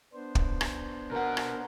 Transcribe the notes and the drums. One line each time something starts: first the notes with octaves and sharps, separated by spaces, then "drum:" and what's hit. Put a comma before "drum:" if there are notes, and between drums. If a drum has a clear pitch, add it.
B3 D4 C5
drum: kick
drum: rim click
B2 A#4 F#5
drum: rim click